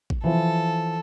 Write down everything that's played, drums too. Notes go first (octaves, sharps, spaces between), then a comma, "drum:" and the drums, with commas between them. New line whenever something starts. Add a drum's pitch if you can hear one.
drum: kick A1
E3 F3 A4